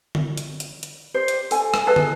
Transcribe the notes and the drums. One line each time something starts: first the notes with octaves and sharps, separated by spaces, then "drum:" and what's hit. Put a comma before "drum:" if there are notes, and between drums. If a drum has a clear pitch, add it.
drum: tom
drum: hi-hat
drum: hi-hat
drum: hi-hat
G4 C5
drum: hi-hat
A4 G#5, drum: open hi-hat
drum: rim click
G#4 A4 B4 D#5
drum: tom